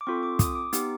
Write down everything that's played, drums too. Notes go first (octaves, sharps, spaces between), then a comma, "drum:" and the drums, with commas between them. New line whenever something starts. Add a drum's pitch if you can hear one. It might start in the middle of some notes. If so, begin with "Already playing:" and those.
D6
C4 F4 A4 C#6
D6
D#6, drum: kick, hi-hat
D6
B3 D#4 G4, drum: hi-hat